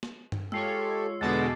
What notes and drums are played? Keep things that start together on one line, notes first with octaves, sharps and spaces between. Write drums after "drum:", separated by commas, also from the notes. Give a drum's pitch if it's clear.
drum: snare
drum: tom
G#3 F4 G4 A4 C#5 E6 C7, drum: tom
E2 B2 D3 G#3 F#5 A5 D6 A6